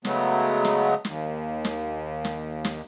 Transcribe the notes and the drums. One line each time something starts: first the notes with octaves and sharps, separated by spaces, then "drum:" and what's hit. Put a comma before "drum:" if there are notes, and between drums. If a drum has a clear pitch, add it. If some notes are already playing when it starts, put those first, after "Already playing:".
C#3 F#3 G#3 A3 B3, drum: snare
drum: snare
D#2, drum: snare
drum: snare
drum: snare
drum: snare